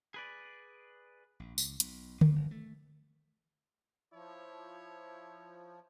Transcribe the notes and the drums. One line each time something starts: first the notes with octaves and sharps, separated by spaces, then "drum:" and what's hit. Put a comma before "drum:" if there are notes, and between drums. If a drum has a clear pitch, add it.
G#4 B4 D5
A#1
C#2, drum: tambourine
B1, drum: hi-hat
D#2, drum: tom D3
G1
A3
F3 E4 C#5